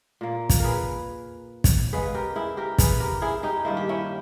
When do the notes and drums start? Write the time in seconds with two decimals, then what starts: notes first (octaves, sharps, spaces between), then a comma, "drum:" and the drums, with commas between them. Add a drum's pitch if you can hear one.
0.21 A#2 A#3
0.50 drum: kick, hi-hat
0.59 G#4 A#4 B4
1.64 drum: kick, hi-hat
1.93 C#3 G#3 B3 G#4 B4
2.14 G4 A#4
2.36 E4 G#4
2.57 G4 A#4
2.79 G#4 B4, drum: kick, hi-hat
3.00 G4 A#4
3.22 E4 G#4
3.43 D#4 G4
3.65 G2 D#3 A#3 E4
3.77 G4
3.89 C#4 E4